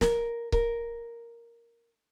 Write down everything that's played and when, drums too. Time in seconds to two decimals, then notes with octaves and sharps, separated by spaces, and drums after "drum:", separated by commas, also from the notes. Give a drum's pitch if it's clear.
0.01 A#4, drum: snare
0.52 A#4, drum: kick C#1